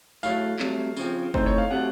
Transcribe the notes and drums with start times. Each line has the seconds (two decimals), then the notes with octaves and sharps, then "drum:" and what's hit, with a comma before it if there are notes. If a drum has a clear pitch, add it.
0.23 A2 F#3 A3 F5, drum: tambourine
0.59 C2 C3 F#3 A3, drum: clap
0.97 C#3 F3 C4, drum: tambourine
1.34 A2 A3 C4 D#4 C5, drum: kick
1.46 C#5
1.58 F5
1.71 C3 F#3 A3 F#5